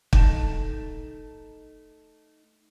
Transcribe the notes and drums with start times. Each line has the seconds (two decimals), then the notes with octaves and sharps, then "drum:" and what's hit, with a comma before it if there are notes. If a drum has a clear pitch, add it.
0.13 A3 D#4 G5 A5, drum: kick